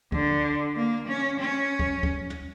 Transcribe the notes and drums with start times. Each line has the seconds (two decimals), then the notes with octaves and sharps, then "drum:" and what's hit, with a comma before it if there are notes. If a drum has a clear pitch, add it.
0.12 D3, drum: kick
0.76 A#3
1.08 C#4
1.39 C#4
1.79 drum: kick
2.03 drum: kick
2.30 drum: tom